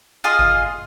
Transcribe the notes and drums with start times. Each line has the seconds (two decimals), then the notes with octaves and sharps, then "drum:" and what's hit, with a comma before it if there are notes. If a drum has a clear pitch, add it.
0.24 F4 G#4 D#5 C6
0.39 drum: kick G1